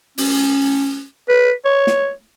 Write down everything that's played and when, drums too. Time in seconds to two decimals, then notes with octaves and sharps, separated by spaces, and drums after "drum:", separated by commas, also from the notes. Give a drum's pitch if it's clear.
0.18 C#4, drum: open hi-hat
1.29 B4
1.65 C#5
1.87 drum: snare